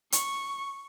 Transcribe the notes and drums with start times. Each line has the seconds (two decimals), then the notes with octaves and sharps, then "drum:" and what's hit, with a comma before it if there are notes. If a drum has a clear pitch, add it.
0.12 C#6, drum: hi-hat